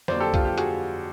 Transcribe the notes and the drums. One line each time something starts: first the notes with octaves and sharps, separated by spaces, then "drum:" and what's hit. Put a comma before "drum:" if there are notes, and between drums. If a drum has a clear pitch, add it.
F2 D3 F#3 A#3 C5 D5, drum: snare
G4 A4
F4 G4, drum: kick B1, hi-hat
F4 G4
F#4 G#4, drum: hi-hat